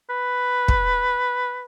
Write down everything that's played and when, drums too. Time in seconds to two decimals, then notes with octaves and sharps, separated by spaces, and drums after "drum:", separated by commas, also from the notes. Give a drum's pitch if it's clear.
0.10 B4
0.68 drum: kick